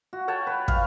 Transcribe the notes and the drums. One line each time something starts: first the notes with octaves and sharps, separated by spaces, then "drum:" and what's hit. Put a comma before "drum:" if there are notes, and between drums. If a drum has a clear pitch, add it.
F#4
C#5 F#5 G5 A5
B4
F5, drum: kick